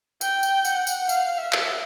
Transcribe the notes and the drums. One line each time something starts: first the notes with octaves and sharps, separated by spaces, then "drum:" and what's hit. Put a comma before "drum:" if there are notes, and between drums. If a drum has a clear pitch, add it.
G5, drum: tambourine
drum: tambourine
F#5, drum: tambourine
drum: tambourine
F5, drum: tambourine
E5
drum: clap